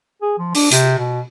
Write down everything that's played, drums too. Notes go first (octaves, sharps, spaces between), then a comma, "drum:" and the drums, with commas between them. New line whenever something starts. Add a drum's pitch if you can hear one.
G#4
F3
D4, drum: open hi-hat
C3, drum: hi-hat
B2